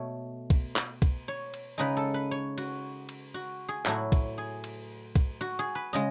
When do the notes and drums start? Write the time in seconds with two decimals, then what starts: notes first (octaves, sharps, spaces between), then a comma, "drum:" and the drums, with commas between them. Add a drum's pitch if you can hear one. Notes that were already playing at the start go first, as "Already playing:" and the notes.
Already playing: B2 A3 C#5
0.50 drum: kick, cymbal
0.76 drum: clap
1.02 drum: kick, cymbal
1.28 C#5
1.54 drum: cymbal
1.78 C#3 G#3 D#4 B4
1.97 A4
2.14 B4
2.31 C#5
2.58 F#4, drum: cymbal
3.09 drum: cymbal
3.34 F#4
3.69 G#4
3.86 A2 F#3 A3 E4 F#4, drum: clap
4.12 drum: kick, cymbal
4.38 G#4
4.64 drum: cymbal
5.16 drum: kick, cymbal
5.41 F#4
5.59 G#4
5.75 B4
5.93 C#3 G#3 D#5